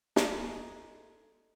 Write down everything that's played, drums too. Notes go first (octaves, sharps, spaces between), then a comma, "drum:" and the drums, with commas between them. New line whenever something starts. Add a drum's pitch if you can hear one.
G#3 A3 D#4 G#4, drum: snare